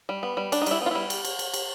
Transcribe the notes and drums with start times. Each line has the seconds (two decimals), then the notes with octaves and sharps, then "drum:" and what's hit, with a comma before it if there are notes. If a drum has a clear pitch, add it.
0.09 G3
0.23 B3
0.37 G3
0.52 D4, drum: cymbal
0.62 D#4
0.66 G3 E4, drum: cymbal
0.82 B3 F4
0.91 G3 E4
1.10 drum: cymbal
1.25 drum: cymbal
1.39 drum: cymbal
1.54 drum: cymbal